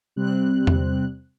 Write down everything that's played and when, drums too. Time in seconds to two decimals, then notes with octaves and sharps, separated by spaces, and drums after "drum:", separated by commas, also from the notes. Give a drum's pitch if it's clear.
0.16 C3 G3 C4 F#6
0.67 drum: tom E2